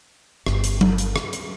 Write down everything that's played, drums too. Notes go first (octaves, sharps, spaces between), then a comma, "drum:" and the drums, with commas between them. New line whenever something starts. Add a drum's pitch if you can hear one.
G1, drum: rim click
drum: hi-hat
drum: tom F#3
drum: hi-hat
drum: rim click
drum: hi-hat